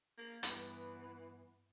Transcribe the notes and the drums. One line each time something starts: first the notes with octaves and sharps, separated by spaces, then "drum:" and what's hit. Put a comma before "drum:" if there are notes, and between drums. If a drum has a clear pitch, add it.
A#3
G2 E3 B3, drum: hi-hat